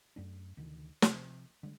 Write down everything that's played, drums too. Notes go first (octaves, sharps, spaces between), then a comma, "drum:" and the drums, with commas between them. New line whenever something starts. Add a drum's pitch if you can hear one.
F#2 A3 D4
D2 C3 D#3 E3
C3 F3 C4, drum: snare
D3 G3 G#3